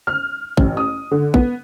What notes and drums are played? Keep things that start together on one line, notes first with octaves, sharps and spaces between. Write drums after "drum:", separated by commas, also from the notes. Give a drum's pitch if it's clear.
F6
A1, drum: kick
D#6
D3
B3, drum: kick